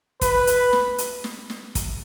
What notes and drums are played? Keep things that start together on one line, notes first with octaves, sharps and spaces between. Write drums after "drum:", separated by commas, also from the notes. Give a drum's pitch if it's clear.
B4, drum: kick, hi-hat
drum: hi-hat
drum: snare
drum: hi-hat
drum: snare
drum: snare
drum: kick, hi-hat